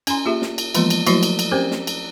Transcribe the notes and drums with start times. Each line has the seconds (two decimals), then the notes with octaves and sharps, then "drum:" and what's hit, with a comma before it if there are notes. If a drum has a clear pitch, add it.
0.07 C#4 G#5 A#5 C6, drum: cymbal
0.25 A#3 F4 G4 G#4 E5
0.42 drum: snare
0.58 drum: cymbal
0.75 E3 F3 G#3 A#3 B3 F4, drum: cymbal
0.90 drum: cymbal
1.07 F3 F#3 A3 A#3 E4 F#4, drum: cymbal
1.23 drum: cymbal
1.39 drum: cymbal
1.51 C4 C#4 G4 A#4 C5
1.71 drum: snare
1.87 drum: cymbal